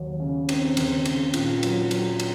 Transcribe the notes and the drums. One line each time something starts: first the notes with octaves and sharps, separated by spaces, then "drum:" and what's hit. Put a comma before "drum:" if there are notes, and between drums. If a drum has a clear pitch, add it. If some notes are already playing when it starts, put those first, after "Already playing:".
Already playing: D#2 F#3
C#3
C4, drum: cymbal
D#2, drum: cymbal
C#3, drum: cymbal
A#2, drum: cymbal
F#3, drum: cymbal
F#3, drum: cymbal
drum: cymbal